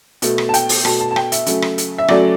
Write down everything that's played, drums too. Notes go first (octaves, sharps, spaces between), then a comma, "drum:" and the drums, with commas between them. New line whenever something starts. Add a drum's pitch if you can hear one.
B2 A3, drum: hi-hat
drum: rim click
A5
G5, drum: hi-hat
drum: open hi-hat
B2 A3 A5, drum: rim click
A5
A5
G5, drum: rim click
E5, drum: hi-hat
C#3 F#3 A3, drum: hi-hat
drum: rim click
drum: hi-hat
E5
C#3 F#3 A3 D5, drum: rim click